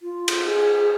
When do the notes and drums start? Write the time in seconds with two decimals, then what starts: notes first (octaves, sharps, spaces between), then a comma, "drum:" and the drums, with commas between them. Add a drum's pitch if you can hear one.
0.02 F4
0.28 drum: cymbal
0.45 G#4